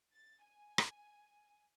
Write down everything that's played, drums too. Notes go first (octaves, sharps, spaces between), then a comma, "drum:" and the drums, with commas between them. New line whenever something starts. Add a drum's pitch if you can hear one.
A6
G#5
drum: rim click